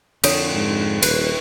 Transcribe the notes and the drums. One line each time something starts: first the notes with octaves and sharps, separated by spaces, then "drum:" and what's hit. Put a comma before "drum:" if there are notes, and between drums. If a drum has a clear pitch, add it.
F2 D3 C#5 D#6, drum: cymbal
G#2
D#1 B4, drum: cymbal